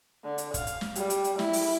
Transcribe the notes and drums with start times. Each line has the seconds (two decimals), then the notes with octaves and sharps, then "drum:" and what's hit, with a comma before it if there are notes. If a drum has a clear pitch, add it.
0.24 D3
0.38 drum: hi-hat
0.54 F5, drum: kick, hi-hat
0.67 drum: hi-hat
0.81 drum: snare
0.95 G3, drum: hi-hat
1.10 drum: hi-hat
1.24 drum: hi-hat
1.39 E4, drum: snare
1.53 drum: open hi-hat